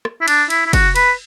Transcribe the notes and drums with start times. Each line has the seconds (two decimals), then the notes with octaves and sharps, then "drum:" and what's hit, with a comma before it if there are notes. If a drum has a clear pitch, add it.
0.05 drum: rim click
0.21 E4
0.28 D4, drum: cymbal
0.50 E4, drum: cymbal
0.66 E4
0.73 F#4, drum: kick, cymbal
0.96 B4, drum: cymbal